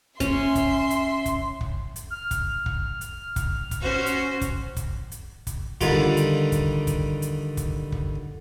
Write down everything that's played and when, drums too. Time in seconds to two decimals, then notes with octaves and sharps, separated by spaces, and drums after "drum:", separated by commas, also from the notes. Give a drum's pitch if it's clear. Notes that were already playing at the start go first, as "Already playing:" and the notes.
0.20 C#4 E5 C6, drum: kick, hi-hat
0.55 drum: kick, hi-hat
0.90 drum: hi-hat
1.26 drum: kick, hi-hat
1.61 drum: kick
1.96 drum: hi-hat
2.10 F6
2.31 drum: kick, hi-hat
2.66 drum: kick
3.01 drum: hi-hat
3.36 drum: kick, hi-hat
3.71 drum: kick, hi-hat
3.81 C#4 F#4 C5
4.06 drum: hi-hat
4.41 drum: kick, hi-hat
4.76 drum: kick, hi-hat
5.12 drum: hi-hat
5.47 drum: kick, hi-hat
5.81 D3 D#3 G3 F4, drum: kick, hi-hat
6.17 drum: hi-hat
6.52 drum: kick, hi-hat
6.87 drum: kick, hi-hat
7.22 drum: hi-hat
7.57 drum: kick, hi-hat
7.92 drum: kick